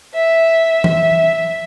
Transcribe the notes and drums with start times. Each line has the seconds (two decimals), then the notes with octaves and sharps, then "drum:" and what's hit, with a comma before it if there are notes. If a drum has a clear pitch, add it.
0.14 E5
0.84 E5, drum: tom E3